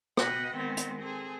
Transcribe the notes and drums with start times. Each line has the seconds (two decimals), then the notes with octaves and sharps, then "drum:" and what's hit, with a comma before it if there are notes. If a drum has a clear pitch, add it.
0.17 B2 B4 D#5 F#5 G5, drum: rim click
0.54 D#3 G#3 B3 C4
0.77 drum: hi-hat
1.00 C4 G#4 A4